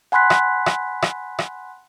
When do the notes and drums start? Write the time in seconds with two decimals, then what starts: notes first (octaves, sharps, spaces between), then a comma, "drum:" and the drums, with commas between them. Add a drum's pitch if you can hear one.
0.12 F#5 G#5 B5 C6 F#6 B6
0.30 drum: rim click
0.66 drum: rim click
1.02 drum: rim click
1.39 drum: rim click